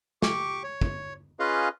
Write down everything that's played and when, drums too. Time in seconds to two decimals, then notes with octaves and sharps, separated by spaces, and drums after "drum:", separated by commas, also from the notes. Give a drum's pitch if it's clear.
0.22 G4 C#6 D6, drum: snare
0.64 C#5
0.82 drum: kick
1.40 C#4 F4 G#4 B4 D#5 F5